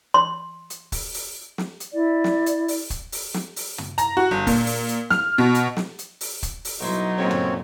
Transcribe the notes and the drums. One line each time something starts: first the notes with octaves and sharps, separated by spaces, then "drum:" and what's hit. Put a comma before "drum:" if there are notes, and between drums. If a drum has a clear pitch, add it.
C6
drum: hi-hat
drum: kick, open hi-hat
drum: open hi-hat
drum: snare
drum: hi-hat
E4 D5
drum: snare
drum: hi-hat
drum: open hi-hat
drum: kick, hi-hat
drum: open hi-hat
drum: snare
drum: open hi-hat
drum: tom
A#5, drum: hi-hat
F#4
G1
A#2, drum: kick, open hi-hat
drum: open hi-hat
drum: hi-hat
F6, drum: snare
B2
drum: hi-hat
drum: snare
drum: hi-hat
drum: open hi-hat
drum: kick, hi-hat
drum: open hi-hat
B1 F#3 D#4 E4 C5
A#2 D3 G#3 C4 C#4 C#5
drum: tom